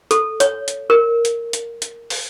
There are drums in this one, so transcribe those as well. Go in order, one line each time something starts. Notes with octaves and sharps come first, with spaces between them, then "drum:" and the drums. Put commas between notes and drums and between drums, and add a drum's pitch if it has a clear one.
A4, drum: hi-hat
C#5, drum: hi-hat
drum: hi-hat
A#4
drum: hi-hat
drum: hi-hat
drum: hi-hat
drum: open hi-hat